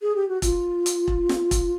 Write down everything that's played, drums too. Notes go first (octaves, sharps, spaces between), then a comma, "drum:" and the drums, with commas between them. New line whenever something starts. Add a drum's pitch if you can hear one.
G#4
G4
F#4
F4, drum: kick E1, hi-hat
drum: hi-hat
drum: kick E1
drum: snare
drum: kick E1, hi-hat